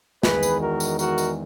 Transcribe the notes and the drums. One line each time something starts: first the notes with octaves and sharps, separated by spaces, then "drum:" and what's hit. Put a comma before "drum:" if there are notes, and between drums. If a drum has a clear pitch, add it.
E2 D#3 G#3 G#4 B4, drum: snare
drum: tambourine
F#4 A#4
drum: tambourine
F#4 A#4, drum: tambourine
drum: tambourine